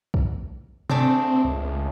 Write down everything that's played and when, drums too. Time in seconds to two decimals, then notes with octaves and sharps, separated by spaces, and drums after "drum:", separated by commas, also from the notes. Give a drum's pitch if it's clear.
0.14 drum: kick
0.89 A3 C4 D4 G#4, drum: tom B2
1.45 C#2